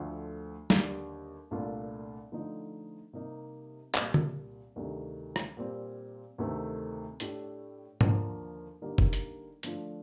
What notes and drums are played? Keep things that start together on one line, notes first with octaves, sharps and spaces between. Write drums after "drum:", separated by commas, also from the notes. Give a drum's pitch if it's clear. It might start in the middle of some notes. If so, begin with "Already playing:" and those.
Already playing: D2 D3 F3 A3
D#2 D3 G3, drum: snare
C2 A#2 A3 D4 F4
D3 F3 A3 D#4
C3 G3 A#3 D#4
C2 A#2 G3, drum: clap
drum: tom D3
D2 C3 D#3 G3
drum: rim click
A#2 G3 C4
D2 C3 D#3 A3 C4
A2 A3 D4 G4, drum: hi-hat
D#2 D3 F3 A#3, drum: tom G#2
D3 G3 A#3 D#4 G4
drum: kick F#1
drum: hi-hat
D3 F3 A3 D4 F4, drum: hi-hat